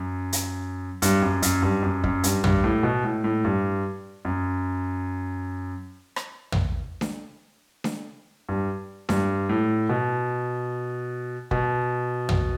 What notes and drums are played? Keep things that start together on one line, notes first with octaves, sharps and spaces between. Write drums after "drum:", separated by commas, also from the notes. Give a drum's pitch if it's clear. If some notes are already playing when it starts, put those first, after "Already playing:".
Already playing: F#2
drum: hi-hat
G2, drum: hi-hat
F#2
F#2, drum: hi-hat
G2
F#2
F#2, drum: kick
G2, drum: hi-hat
G2, drum: tom
A2
B2
A2
A2
G2
F#2
drum: rim click
drum: tom
drum: snare D4
drum: snare D4
G2
G2, drum: snare D4
A2
B2
B2, drum: kick
drum: tom